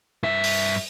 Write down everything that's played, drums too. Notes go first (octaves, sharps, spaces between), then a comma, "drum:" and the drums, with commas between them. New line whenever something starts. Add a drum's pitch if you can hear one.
G2 E5
drum: open hi-hat